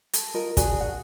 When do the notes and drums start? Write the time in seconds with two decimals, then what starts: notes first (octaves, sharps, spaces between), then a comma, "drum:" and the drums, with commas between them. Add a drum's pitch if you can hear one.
0.13 A4, drum: hi-hat
0.34 F4 A#4 D#5
0.57 D4 F#4 G#4, drum: kick, hi-hat
0.81 F#5